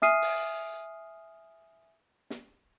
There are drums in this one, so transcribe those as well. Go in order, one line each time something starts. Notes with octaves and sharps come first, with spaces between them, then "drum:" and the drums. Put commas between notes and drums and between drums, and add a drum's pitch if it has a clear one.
E5 G#5 D#6 F6 C7 D#7, drum: snare
drum: open hi-hat
drum: snare